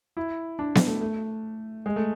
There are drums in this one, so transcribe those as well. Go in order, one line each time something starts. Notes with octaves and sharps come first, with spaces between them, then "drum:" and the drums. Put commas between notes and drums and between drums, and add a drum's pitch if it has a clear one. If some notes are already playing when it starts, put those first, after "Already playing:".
E4
D4
drum: snare B3
A3
A3
G#3
A3